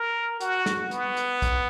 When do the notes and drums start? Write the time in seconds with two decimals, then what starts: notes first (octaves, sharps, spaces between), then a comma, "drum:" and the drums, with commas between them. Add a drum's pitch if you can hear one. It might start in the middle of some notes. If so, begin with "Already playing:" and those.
Already playing: A#4
0.41 F#4, drum: hi-hat
0.66 drum: snare
0.91 B3, drum: hi-hat
1.17 drum: hi-hat
1.42 drum: kick B1, hi-hat